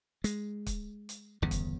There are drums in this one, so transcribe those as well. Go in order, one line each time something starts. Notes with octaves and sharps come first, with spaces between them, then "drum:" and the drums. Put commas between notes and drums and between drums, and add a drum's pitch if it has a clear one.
G#3, drum: hi-hat
drum: kick, hi-hat
drum: hi-hat
G1 E2 C#3
drum: kick, hi-hat